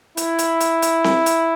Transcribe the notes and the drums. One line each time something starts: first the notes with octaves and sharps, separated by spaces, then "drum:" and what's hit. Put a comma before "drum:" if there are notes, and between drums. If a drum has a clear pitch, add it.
E4, drum: hi-hat
drum: hi-hat
drum: hi-hat
drum: hi-hat
drum: snare C4
drum: hi-hat